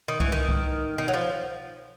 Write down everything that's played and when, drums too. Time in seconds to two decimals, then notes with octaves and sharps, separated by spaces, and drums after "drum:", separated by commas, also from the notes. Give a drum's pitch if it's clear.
0.08 D#3
0.20 E3, drum: kick C2
0.32 D#3
0.49 drum: kick C2
0.98 D#3
1.08 F#3
1.14 F3